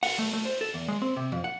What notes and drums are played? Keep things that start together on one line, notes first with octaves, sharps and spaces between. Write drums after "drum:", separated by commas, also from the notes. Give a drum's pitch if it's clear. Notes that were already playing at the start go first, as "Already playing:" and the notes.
F#5, drum: open hi-hat
A3
A3
C5
A4
E2
G#3
C4
C3
F2
F#5